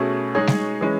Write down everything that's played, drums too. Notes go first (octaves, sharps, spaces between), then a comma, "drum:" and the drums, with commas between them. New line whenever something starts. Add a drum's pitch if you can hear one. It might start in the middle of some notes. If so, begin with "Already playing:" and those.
Already playing: B2 A3 C#4 G#4
G#3 D#4 G#4 C#5
drum: snare G3
E3 G#3 C#4